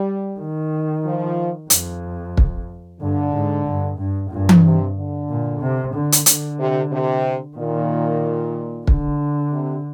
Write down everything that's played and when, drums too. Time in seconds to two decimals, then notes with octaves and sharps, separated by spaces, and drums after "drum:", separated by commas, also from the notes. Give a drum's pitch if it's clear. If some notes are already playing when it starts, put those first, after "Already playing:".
Already playing: G3
0.40 D#3
1.05 F3
1.70 F2, drum: hi-hat
2.37 drum: kick
3.00 G2 D3
3.33 G#2
3.66 G2
3.98 G2
4.30 G2 A#2
4.49 drum: tom E3
4.64 C3
4.96 D3
5.29 A#2
5.61 C3
5.94 D3
6.12 drum: hi-hat
6.26 D3, drum: hi-hat
6.59 C3
6.92 C3
7.57 A#2 D#3
8.87 D3, drum: kick
9.52 C3